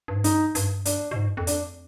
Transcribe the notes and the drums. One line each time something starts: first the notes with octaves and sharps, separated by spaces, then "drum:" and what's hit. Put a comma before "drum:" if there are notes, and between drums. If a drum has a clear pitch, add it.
G2
G#2
G2 D#4, drum: hi-hat
G2, drum: hi-hat
D4, drum: hi-hat
B2
G#2
G2
F2
D4, drum: hi-hat